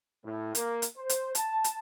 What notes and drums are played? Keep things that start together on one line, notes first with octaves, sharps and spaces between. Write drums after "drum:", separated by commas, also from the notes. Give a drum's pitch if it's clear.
A2
A#3, drum: hi-hat
drum: hi-hat
C5
drum: hi-hat
A5, drum: hi-hat
drum: hi-hat